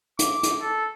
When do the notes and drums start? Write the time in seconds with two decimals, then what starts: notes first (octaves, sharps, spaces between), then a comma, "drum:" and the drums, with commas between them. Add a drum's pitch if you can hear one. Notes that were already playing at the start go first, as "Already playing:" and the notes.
0.19 D6, drum: hi-hat
0.43 drum: hi-hat
0.61 A4